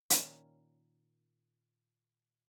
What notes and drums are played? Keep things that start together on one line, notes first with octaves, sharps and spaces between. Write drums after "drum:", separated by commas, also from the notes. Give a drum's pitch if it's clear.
A#2 D#3 A#3 C#4, drum: hi-hat